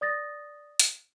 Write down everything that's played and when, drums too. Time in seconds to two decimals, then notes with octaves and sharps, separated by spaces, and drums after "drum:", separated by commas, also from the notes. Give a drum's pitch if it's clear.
0.01 D5 D#6 A6 A#6
0.80 drum: hi-hat